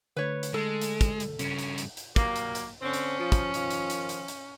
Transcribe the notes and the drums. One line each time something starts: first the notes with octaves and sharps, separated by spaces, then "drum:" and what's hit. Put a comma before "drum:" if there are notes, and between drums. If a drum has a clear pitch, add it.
D3 A3 B4 C#5
drum: hi-hat
G#3 A4
drum: hi-hat
drum: kick, hi-hat
drum: hi-hat
G2 C#3 C#4, drum: hi-hat
drum: hi-hat
drum: hi-hat
drum: hi-hat
F#3 G3 A#3, drum: kick, hi-hat
drum: hi-hat
drum: hi-hat
D3 C4 C#4
drum: hi-hat
F3
drum: kick, hi-hat
D#3 F3, drum: hi-hat
drum: hi-hat
drum: hi-hat
drum: hi-hat
drum: hi-hat